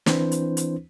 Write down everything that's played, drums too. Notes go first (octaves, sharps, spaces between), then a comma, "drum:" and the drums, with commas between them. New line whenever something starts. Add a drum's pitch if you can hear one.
E3 C4 D4 E4 B4 C5, drum: snare
drum: hi-hat
drum: hi-hat